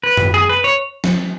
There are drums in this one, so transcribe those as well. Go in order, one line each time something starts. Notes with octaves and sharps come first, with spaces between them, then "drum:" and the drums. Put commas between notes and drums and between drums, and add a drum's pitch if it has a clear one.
B4
drum: tom F#2
G#4
B4
C#5
drum: snare